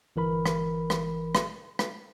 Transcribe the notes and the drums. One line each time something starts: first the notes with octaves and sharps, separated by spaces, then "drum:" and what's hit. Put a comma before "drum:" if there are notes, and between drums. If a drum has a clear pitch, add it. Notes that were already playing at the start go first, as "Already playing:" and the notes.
G1 E3 A#4 B5
drum: rim click
drum: rim click
drum: rim click
drum: rim click